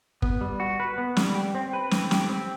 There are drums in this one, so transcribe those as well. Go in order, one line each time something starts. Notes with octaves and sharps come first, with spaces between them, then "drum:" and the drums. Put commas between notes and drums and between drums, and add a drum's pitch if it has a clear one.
B3, drum: kick
G3
F#4
B4
B3
G3, drum: snare
G4
C4
B4
C4, drum: snare
G4, drum: snare
C4